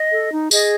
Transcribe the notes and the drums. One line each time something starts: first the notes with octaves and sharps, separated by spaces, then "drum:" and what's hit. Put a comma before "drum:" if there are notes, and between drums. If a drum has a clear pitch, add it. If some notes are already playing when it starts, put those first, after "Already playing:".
Already playing: D#5
A4
D#4
G#4 D#5, drum: tambourine